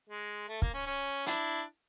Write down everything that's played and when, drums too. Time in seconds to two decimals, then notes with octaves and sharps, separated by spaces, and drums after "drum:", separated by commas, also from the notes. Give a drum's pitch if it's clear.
0.10 G#3
0.49 A3
0.62 A#3, drum: kick
0.74 C#4
0.87 C#4
1.26 D4 E4, drum: hi-hat